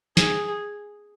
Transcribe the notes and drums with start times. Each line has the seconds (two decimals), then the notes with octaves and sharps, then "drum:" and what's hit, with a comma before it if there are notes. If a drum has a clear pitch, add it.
0.17 G#4, drum: snare